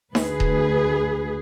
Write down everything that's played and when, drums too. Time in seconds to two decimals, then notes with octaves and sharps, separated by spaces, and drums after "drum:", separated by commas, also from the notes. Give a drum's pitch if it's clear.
0.15 D2 G#4 B4, drum: snare D#4
0.40 drum: kick D#1